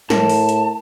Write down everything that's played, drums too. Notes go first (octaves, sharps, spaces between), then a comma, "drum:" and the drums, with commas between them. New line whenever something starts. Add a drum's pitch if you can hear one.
A2 A#4 A5, drum: snare
drum: open hi-hat
drum: hi-hat